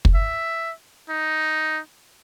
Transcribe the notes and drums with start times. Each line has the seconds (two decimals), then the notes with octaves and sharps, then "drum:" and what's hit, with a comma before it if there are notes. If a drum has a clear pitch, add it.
0.05 drum: kick
0.15 E5
1.09 D#4